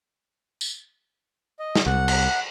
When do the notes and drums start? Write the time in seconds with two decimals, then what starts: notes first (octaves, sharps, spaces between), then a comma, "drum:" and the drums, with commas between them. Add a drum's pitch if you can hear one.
0.61 drum: tambourine
1.59 D#5
1.75 drum: snare
1.86 C2 F#5
2.08 drum: cymbal